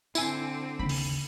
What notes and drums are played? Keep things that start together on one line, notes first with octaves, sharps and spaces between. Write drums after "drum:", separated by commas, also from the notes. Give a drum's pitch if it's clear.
D3 C4 E4 G#5, drum: tambourine
D#2 C#3 B5
drum: open hi-hat